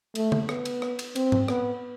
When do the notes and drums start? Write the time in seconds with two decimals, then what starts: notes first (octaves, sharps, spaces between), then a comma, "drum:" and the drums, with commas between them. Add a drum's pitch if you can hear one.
0.15 A3, drum: cymbal
0.32 drum: tom
0.49 B3, drum: rim click
0.65 drum: cymbal
0.82 drum: rim click
0.99 drum: cymbal
1.16 C4, drum: cymbal
1.32 drum: tom G#2
1.48 B3, drum: rim click